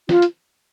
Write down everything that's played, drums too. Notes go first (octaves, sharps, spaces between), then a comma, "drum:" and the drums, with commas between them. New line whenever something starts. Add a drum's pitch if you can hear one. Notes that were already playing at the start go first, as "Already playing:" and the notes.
F4, drum: snare
drum: hi-hat